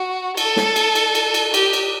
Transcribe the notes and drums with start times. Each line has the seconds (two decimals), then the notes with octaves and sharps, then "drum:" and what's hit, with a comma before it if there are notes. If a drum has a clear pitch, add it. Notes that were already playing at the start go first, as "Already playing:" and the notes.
Already playing: F#4
0.37 A4, drum: cymbal
0.56 drum: snare
0.76 drum: cymbal
0.95 drum: cymbal
1.15 drum: cymbal
1.34 drum: cymbal
1.54 G4, drum: cymbal
1.73 drum: cymbal